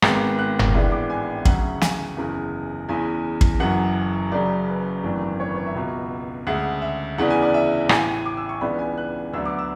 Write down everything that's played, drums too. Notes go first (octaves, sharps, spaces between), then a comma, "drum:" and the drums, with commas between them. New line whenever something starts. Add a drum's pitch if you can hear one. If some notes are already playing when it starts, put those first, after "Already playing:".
G#1 G#2 G#3 B3, drum: rim click
F#6
drum: tom F#1
A1 A2 G#3 B3 D4
D6
G#5
D2 C#3 F#3 C#4 F#5, drum: kick
G#5, drum: snare
F#1 E2 C#3
E2 C#3 E3 G#5
drum: kick
F#1 F#2 E3 F#5
F#1 F#2 C#3 F#3 D5
B4
G#1 F#2 E3 A3 D4
C#5
B4
C#5
E5
C#2 B2 F#3
D2 C#3 G#3 F#5
E5
E2 C#3 E3 B3 D4 F#5
G#5
D5
E5
A1 A2 E3 G#5, drum: rim click
D6
E6
C#6
C#2 C#3 E3 B3 D4 B5
G#5
F#6
D2 D3 F#3 B3 D4 E6
D6
E6